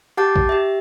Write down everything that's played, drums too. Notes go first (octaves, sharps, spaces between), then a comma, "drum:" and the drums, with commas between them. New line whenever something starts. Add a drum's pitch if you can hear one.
G4 F#5 A5 D6 G6 A6
drum: kick
G4 E5